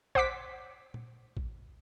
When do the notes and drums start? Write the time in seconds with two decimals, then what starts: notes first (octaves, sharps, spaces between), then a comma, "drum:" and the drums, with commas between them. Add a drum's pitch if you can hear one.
0.15 C5 F#5 D6 B6, drum: kick A1
0.94 drum: tom A#2
1.37 drum: kick A1